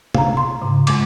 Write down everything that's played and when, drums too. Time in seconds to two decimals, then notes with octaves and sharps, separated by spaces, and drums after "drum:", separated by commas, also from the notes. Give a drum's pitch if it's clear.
0.15 F5 A#5, drum: tom
0.37 C6
0.62 G#2 C#3
0.87 G2 G#3 D6, drum: cymbal